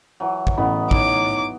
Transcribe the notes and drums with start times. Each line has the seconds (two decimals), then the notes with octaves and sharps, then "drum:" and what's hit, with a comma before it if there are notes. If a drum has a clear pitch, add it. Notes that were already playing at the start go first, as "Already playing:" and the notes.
0.20 E3 F#3
0.47 drum: kick
0.58 A1 B3 B5
0.91 D#4 C#5 D6, drum: kick